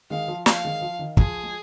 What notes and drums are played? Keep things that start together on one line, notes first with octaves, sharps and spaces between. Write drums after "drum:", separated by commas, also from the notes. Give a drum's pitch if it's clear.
D#3 G#3 F5
F3
F3 F5, drum: snare
D#3 G#3
F3
D#3
F3 G#4, drum: kick
G#3